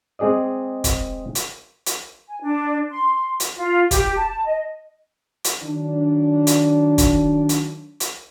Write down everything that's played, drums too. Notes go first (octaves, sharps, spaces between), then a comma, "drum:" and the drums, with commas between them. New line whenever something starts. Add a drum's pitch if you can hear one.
G#3 C4 G#4 D5 D#5
drum: kick, hi-hat
drum: hi-hat
drum: hi-hat
G#5
D4
C6
drum: hi-hat
F4
G4, drum: kick, hi-hat
A5
D#5
drum: hi-hat
D#3 F#3 D4
drum: hi-hat
drum: kick, hi-hat
drum: hi-hat
drum: hi-hat